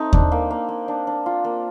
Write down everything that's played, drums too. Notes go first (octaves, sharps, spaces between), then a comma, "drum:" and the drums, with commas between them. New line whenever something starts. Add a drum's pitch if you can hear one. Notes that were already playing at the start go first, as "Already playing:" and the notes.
Already playing: A3 C4 D#4
D4, drum: kick D#2
A#3
A#3
A#3
D4
D4
F4
A#3